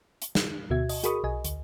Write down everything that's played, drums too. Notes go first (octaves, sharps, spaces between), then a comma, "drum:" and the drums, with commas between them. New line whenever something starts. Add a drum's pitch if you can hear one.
drum: hi-hat
drum: snare
D2 B2 F#4 E5 G#6
D#5, drum: open hi-hat
F#4 G#4 A#4 B5 C#6 D#6, drum: hi-hat
B1 D#5 G#5
D2, drum: hi-hat